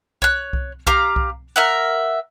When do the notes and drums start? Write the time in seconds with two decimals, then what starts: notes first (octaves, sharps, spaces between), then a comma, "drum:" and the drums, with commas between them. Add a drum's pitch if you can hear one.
0.22 C#5 F#6, drum: kick C2
0.53 drum: kick C2
0.87 G4 F5 A#5 F6, drum: kick C2
1.16 drum: kick C2
1.56 A#4 E5 F#5